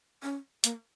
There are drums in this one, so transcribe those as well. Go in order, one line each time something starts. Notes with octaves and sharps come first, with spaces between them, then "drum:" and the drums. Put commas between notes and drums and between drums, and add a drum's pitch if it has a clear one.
C#4
A#3, drum: hi-hat